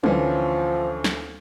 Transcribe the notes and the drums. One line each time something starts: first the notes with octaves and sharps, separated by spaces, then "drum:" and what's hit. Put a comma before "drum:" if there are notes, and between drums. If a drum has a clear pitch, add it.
D2 E3 F3 C#4, drum: tom
drum: snare